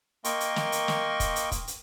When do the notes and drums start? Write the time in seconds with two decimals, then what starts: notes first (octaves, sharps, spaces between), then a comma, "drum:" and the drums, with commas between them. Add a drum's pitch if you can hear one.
0.24 A#3 A#4 D#5 G5 C6 C#6, drum: hi-hat
0.40 drum: hi-hat
0.56 drum: snare
0.72 drum: hi-hat
0.88 drum: snare
1.20 drum: kick, hi-hat
1.36 drum: hi-hat
1.52 drum: kick, hi-hat
1.67 drum: hi-hat